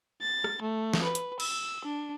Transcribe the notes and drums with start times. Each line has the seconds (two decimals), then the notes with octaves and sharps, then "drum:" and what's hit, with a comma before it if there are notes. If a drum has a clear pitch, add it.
0.22 A6
0.44 drum: rim click
0.62 A3
0.93 drum: snare
1.04 B4
1.15 drum: hi-hat
1.40 E6, drum: cymbal
1.85 D4